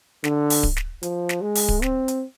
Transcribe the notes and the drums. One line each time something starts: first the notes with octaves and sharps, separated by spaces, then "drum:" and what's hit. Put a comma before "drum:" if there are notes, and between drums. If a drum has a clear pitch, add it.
D3, drum: snare
drum: open hi-hat
drum: kick D1
drum: snare
F3, drum: hi-hat
drum: snare
G#3
drum: open hi-hat
drum: kick D1
C4, drum: snare
drum: hi-hat